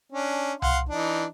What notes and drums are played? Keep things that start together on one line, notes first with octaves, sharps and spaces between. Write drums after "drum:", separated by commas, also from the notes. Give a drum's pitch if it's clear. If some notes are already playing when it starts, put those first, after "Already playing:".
C#4 D4
F5 F#5 C6, drum: tom C2
E3 D4 D#4